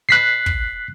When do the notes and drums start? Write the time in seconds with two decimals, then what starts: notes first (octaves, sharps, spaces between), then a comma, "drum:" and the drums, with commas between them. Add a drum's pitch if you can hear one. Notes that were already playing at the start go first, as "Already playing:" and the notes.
0.09 F#6 B6 C7
0.46 drum: kick